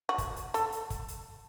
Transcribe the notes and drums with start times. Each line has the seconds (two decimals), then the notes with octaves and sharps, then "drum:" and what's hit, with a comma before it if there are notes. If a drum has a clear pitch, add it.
0.09 F#4
0.18 drum: kick, hi-hat
0.36 drum: hi-hat
0.54 A4, drum: hi-hat
0.72 drum: hi-hat
0.90 drum: kick, hi-hat
1.08 drum: hi-hat